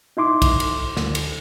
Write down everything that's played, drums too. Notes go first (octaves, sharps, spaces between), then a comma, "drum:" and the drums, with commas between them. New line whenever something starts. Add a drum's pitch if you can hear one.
D#4 E4 C6 D6
drum: kick B1, cymbal
drum: cymbal
D2, drum: snare
drum: cymbal